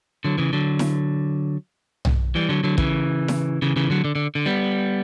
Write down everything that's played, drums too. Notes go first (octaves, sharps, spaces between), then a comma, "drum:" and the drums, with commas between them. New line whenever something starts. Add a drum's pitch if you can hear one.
D3 F#3
C#3 E3
D3 F#3
drum: snare E4
drum: tom
E3 G3
D3 F#3
D3 F#3
C#3 E3, drum: kick
drum: snare E4
C#3 E3
C#3 E3
D3 F#3
D3
D3
D3
G3 B3